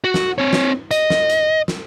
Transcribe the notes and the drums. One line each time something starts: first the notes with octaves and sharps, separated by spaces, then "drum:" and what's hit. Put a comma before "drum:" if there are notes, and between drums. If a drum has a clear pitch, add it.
F#4
drum: snare
C4 C#5
drum: snare
D#5, drum: hi-hat
drum: snare
drum: hi-hat
drum: snare